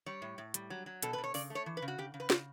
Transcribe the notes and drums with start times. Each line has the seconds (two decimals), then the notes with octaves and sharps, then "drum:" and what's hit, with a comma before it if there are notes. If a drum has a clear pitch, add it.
0.06 G3 C#5
0.22 A2
0.38 A2
0.54 G3, drum: hi-hat
0.70 F#3
0.86 F#3
1.03 B2 A4, drum: hi-hat
1.13 B4
1.18 B2
1.24 C#5
1.34 C#3 D5, drum: open hi-hat
1.50 A3
1.55 C#5
1.66 E3
1.77 B4
1.82 C#3
1.88 F#4
1.98 C#3 G4
2.14 C#3
2.20 B4
2.30 C#3, drum: snare